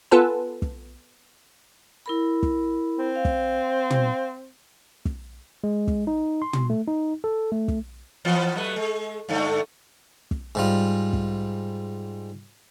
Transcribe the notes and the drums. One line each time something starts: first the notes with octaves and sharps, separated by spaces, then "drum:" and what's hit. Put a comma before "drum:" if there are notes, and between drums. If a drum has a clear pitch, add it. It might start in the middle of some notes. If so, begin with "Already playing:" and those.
B3 F4 A4 B4 G#5 A5
drum: kick
E4 A#4 B5
drum: kick
C4
F5
drum: kick
drum: tom
drum: kick
G#3
drum: kick
D#4
C6
drum: tom
A3
D#4
A4
A3
drum: kick
E3 F3 B3
F#3 A3 B4
G#3
G2 D3 A3
drum: kick
G#2 G3 F4
drum: kick